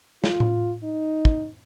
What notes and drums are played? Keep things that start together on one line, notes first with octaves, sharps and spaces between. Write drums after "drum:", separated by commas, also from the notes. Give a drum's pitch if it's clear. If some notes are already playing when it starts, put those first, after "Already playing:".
F4, drum: snare
drum: tom A2
D#4
drum: kick